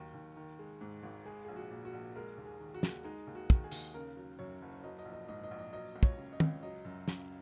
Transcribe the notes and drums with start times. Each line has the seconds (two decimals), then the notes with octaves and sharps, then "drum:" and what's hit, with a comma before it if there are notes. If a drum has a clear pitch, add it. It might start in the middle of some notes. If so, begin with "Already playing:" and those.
Already playing: D#2 D#3 F#3
0.14 D#2
0.36 D#3
0.59 G#3
0.81 G#2
1.03 G#1
1.26 G#3 G#4
1.45 A#1 G#4
1.56 F#4
1.70 A#2
1.85 F#4
1.93 A#1
2.15 G#3 A#4
2.38 D#2
2.45 G#4
2.60 D#3
2.74 F#4
2.83 D#2, drum: snare
3.04 G#3 D#4
3.27 D#2
3.35 F#4
3.50 D#3, drum: kick
3.64 G#4
3.71 D#2, drum: tambourine
3.94 C#3 A#4
4.17 F#3
4.39 F#2 C#5
4.62 F#1
4.84 F#3 D#5
4.99 D#5
5.06 A#1
5.13 D#5
5.28 G#2 D#5
5.44 D#5
5.51 A#1
5.58 D#5
5.73 F#3 D#5
5.96 C#2
6.03 C#5, drum: kick
6.18 C#3
6.33 D#5
6.40 C#2, drum: tom
6.63 F#3 D#5
6.85 F#2
7.08 C#3, drum: snare